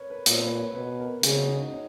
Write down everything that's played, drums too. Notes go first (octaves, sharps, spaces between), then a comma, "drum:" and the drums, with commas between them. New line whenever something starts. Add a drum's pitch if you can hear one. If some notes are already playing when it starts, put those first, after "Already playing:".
Already playing: A#4 B4 C#5
B4
A#2 C#5, drum: hi-hat
B4
C#5
C#5
B2 B4
A#4
C#3 G#4, drum: hi-hat
F#4
D#4
D#4
C#4